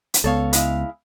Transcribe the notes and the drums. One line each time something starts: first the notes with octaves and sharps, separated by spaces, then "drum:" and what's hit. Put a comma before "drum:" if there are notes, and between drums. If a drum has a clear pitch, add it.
drum: hi-hat
C#2 B3 A4 C#5 F5
G#3 E4 F5, drum: hi-hat